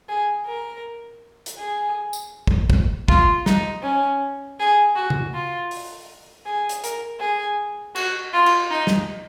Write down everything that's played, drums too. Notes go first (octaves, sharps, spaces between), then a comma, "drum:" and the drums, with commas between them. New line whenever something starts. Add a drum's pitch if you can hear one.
G#4
A#4
drum: hi-hat
G#4
drum: tambourine
drum: kick
drum: kick
F4, drum: kick
D#4, drum: snare
C#4
G#4
F#4
drum: tom C#3
F4
drum: open hi-hat
G#4
drum: hi-hat
A#4, drum: hi-hat
G#4
F#4, drum: cymbal
F4
drum: cymbal
D#4
drum: snare